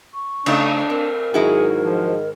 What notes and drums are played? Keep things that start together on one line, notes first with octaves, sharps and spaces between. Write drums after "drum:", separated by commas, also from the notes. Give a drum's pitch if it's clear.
C#6
C#3 A3 D4 D#4, drum: cymbal
C4 A#4
G#2 D#3 F#3 E4 F#4 G#4
F3